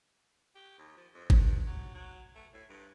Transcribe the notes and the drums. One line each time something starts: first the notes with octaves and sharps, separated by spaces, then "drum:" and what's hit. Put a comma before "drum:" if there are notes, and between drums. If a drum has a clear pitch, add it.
G4
D#2
F3
F2
G2, drum: kick
F#3
F#3
A3
A2
G2